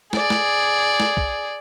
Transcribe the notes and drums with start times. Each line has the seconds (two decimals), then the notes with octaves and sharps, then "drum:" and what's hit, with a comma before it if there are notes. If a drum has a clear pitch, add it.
0.13 G#4 D5, drum: snare
0.30 drum: snare
1.00 drum: snare
1.17 drum: kick